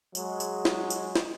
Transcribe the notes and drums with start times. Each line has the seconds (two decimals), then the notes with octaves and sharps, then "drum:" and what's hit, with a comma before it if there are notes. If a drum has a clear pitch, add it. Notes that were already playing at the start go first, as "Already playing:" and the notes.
0.15 F#3 G#3, drum: tambourine
0.40 drum: tambourine
0.65 drum: snare
0.90 drum: tambourine
1.16 drum: snare